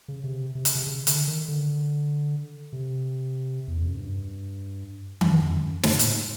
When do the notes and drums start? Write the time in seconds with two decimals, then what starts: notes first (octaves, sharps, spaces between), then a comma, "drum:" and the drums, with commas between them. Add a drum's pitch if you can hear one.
0.08 C#3
0.24 C3
0.55 C3
0.65 C#3, drum: hi-hat
0.75 C3
0.87 C#3
1.07 D3, drum: hi-hat
1.27 D#3
1.48 D3
2.73 C3
3.68 E2
3.78 F2
3.87 F#2
3.97 G2
5.21 F#2, drum: tom D#3
5.42 F2
5.63 F#2
5.83 G#2, drum: snare
5.99 A2, drum: hi-hat